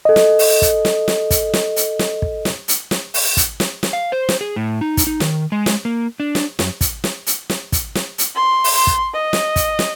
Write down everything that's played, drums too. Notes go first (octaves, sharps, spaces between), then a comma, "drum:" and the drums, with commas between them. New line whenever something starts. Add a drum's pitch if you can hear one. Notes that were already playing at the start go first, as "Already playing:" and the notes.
A4 D#5
drum: snare
drum: open hi-hat
drum: kick, hi-hat
drum: snare
drum: snare
drum: kick, hi-hat
drum: snare
drum: hi-hat
drum: snare
drum: kick
drum: snare
drum: hi-hat
drum: snare
drum: open hi-hat
drum: kick, hi-hat
drum: snare
drum: snare
F5
C5
drum: snare
G#4
A2
D#4
drum: kick, hi-hat
D#4
D#3, drum: snare
G#3
drum: snare
A#3
D4
drum: snare
F#2, drum: snare
drum: kick, hi-hat
drum: snare
drum: hi-hat
drum: snare
drum: kick, hi-hat
drum: snare
drum: hi-hat
C6
drum: open hi-hat
C6
drum: kick
D#5
drum: snare
drum: kick, hi-hat
drum: snare